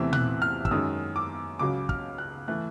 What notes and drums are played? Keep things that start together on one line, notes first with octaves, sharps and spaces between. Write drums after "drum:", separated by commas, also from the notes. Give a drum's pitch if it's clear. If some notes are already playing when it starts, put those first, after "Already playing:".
Already playing: E2 C3 E3 A3 C4
F#6, drum: tom A#2
F6
E6, drum: kick
F#2 D#3 G#3 D#6
D6
C#2 C#3 F#3 D6
F6, drum: kick
F#6
E3 A3 F#6